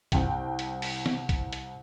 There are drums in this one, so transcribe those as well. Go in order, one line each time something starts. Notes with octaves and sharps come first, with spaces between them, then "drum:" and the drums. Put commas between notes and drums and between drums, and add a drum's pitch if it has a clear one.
C2 G5, drum: kick, hi-hat
drum: hi-hat
drum: open hi-hat
drum: snare
drum: kick, hi-hat
drum: hi-hat